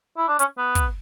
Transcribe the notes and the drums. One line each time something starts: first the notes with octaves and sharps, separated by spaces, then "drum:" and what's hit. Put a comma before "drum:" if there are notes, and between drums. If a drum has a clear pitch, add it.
E4
D4
C#4, drum: hi-hat
B3
drum: kick, hi-hat